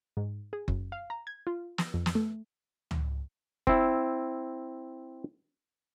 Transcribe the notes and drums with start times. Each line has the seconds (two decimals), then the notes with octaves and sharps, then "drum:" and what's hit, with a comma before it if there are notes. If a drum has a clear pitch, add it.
0.17 G#2
0.53 G#4
0.68 F#2, drum: kick F#1
0.92 F5
1.10 A#5
1.27 G#6
1.47 F4
1.78 A#6, drum: snare
1.94 F2
2.06 drum: snare
2.15 A3
2.91 drum: tom C#2
3.67 C4 E4, drum: kick F#1